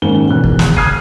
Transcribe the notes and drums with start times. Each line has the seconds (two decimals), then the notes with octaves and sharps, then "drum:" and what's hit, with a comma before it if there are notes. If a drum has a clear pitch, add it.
0.02 G#2 D#3 A#3 C#4 G7
0.28 E1 E2 F#6
0.44 drum: kick
0.59 drum: snare
0.77 D#6 F6 F#6 G#6 C7 D#7, drum: kick